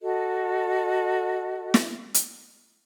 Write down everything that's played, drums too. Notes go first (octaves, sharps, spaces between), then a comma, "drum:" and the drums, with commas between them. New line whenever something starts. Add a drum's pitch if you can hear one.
F#4 A4 D#5
drum: snare
drum: hi-hat